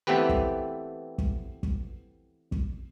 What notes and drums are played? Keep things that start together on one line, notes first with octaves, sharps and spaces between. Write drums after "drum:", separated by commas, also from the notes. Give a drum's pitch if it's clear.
E3 A3 B3 C4 G4 B4
drum: kick
drum: kick
drum: kick
drum: kick